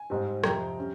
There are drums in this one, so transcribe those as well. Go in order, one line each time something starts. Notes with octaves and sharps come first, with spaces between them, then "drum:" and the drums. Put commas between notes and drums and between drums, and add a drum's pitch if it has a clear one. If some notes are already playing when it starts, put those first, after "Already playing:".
Already playing: G#5
G#2 G3 C4
F2 C3 F3 G5 A#5, drum: rim click
G3 C#4